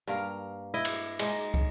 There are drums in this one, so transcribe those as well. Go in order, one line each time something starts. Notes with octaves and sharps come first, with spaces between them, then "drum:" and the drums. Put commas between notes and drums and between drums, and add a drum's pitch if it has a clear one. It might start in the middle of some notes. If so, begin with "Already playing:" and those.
G2 A#3 F5
E4 D#5
drum: cymbal
G#3 D#4, drum: cymbal
drum: kick